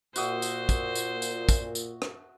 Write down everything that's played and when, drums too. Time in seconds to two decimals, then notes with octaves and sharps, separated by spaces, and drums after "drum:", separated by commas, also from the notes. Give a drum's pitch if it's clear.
0.16 A#2 F#4 C5 E5 D#6, drum: tambourine
0.42 drum: tambourine
0.69 drum: kick, tambourine
0.95 drum: tambourine
1.22 drum: tambourine
1.49 drum: kick, tambourine
1.75 drum: tambourine
2.02 drum: rim click